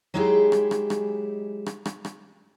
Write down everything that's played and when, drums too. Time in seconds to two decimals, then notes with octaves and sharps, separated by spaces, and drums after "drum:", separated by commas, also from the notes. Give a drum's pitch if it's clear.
0.14 F#3 G#3 D#4 E4 G4 G#4
0.52 drum: rim click
0.71 drum: rim click
0.90 drum: rim click
1.66 drum: rim click
1.85 drum: rim click
2.05 drum: rim click